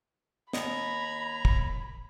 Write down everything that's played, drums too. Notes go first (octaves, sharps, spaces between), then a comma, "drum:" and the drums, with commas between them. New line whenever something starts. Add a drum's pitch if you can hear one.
D#2 D#5 A#5 B5 G#6, drum: snare
drum: kick